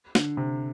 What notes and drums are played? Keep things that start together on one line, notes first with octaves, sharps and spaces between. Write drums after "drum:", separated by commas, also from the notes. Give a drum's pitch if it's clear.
D3, drum: snare
C3